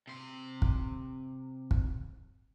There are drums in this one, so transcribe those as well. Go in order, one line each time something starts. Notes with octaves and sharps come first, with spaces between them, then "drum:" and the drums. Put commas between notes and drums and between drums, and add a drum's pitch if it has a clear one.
C3 C6
drum: kick
drum: kick